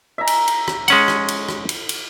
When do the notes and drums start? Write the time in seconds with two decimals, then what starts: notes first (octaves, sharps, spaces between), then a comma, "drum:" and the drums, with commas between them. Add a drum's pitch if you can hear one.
0.18 E5 A#5
0.27 drum: cymbal
0.48 drum: cymbal
0.68 drum: rim click
0.88 G#3 C#4 F#5, drum: cymbal
1.08 drum: rim click
1.28 drum: cymbal
1.49 drum: rim click
1.69 drum: cymbal
1.89 drum: cymbal